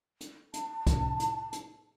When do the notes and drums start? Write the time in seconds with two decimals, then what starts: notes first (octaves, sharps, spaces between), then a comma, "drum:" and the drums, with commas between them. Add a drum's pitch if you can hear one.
0.21 drum: hi-hat
0.54 A5, drum: hi-hat
0.87 drum: kick C2, hi-hat
1.20 drum: hi-hat
1.53 drum: hi-hat